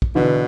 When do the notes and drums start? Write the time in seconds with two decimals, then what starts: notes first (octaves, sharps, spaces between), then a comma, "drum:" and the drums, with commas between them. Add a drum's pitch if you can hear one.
0.02 drum: kick
0.15 B2 D3 E3